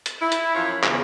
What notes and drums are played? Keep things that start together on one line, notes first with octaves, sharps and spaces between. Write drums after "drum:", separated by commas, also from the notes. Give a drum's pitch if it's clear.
drum: hi-hat
E4
drum: hi-hat
F#2 E3 F3 E4 F4 C#5
E2 C#3, drum: clap